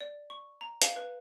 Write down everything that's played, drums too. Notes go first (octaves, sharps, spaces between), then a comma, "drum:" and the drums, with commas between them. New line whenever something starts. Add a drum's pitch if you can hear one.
D5
C#6
A#5
F5, drum: hi-hat
B4